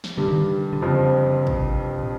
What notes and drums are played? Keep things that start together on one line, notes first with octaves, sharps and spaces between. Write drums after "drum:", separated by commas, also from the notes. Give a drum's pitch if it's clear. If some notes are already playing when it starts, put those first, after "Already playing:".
drum: snare
G2 D3 G3
D#3
D3
D3
F2 C#3 F3
C3, drum: kick
A2